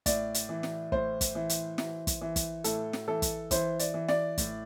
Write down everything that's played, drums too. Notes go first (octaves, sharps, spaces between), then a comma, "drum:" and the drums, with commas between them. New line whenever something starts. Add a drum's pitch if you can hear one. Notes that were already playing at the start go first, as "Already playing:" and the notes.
A2 D5, drum: kick, hi-hat
drum: hi-hat
E3
drum: snare
A2 C5, drum: kick
drum: kick, hi-hat
E3
drum: hi-hat
E3, drum: snare
drum: kick, hi-hat
E3
drum: kick, hi-hat
A2 A4, drum: hi-hat
drum: snare
E3 A4
drum: kick, hi-hat
E3 C5, drum: kick, hi-hat
D5, drum: hi-hat
E3
D5, drum: snare
A2, drum: kick, hi-hat